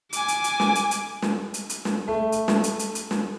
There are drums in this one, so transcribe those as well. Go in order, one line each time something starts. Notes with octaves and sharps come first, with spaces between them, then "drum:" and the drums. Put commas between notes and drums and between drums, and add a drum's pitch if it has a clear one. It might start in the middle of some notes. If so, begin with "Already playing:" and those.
G#5 D6, drum: hi-hat
drum: hi-hat
drum: hi-hat
drum: snare
drum: hi-hat
drum: hi-hat
drum: snare
drum: hi-hat
drum: hi-hat
drum: snare
A3
drum: hi-hat
drum: snare
drum: hi-hat
drum: hi-hat
drum: hi-hat
drum: snare